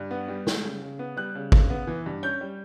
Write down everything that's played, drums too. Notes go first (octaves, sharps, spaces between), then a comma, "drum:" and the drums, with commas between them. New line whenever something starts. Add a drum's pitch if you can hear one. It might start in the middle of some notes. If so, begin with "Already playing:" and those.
Already playing: G2
B3
G3
G3, drum: snare
C#3
C#3
B3
G3 F#6
C#3
C#3, drum: kick
B3
E3
G2
C#4 G6
G3